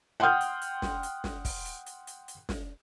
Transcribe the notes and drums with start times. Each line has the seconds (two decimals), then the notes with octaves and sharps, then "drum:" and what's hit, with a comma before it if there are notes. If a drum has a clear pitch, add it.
0.20 F#5 G5 C6 D#6 F6 G6
0.41 drum: hi-hat
0.61 drum: hi-hat
0.82 drum: snare
1.03 drum: hi-hat
1.24 drum: snare
1.45 drum: kick, open hi-hat
1.66 drum: hi-hat
1.86 drum: hi-hat
2.07 drum: hi-hat
2.28 drum: hi-hat
2.49 drum: snare